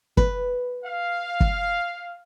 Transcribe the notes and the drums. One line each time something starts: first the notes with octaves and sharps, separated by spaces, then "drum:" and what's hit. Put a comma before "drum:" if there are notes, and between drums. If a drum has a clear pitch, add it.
B4, drum: kick
F5
drum: kick